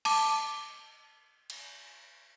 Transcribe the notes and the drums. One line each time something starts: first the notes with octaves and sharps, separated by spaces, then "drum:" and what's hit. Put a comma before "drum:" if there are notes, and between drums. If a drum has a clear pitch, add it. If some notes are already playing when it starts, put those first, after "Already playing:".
A5 D6, drum: cymbal
drum: cymbal